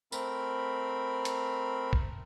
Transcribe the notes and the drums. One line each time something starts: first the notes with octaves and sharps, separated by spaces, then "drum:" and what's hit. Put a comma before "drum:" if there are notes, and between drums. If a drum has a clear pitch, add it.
A3 C4 A#4 B5, drum: tambourine
drum: hi-hat
drum: kick